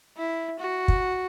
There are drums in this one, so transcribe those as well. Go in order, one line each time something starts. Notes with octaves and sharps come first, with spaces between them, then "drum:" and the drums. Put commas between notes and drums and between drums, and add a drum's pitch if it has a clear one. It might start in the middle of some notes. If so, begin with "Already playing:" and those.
E4
F#4
drum: kick